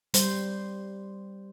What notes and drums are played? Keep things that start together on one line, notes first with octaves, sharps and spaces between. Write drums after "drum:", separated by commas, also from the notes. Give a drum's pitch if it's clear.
G3 C5, drum: hi-hat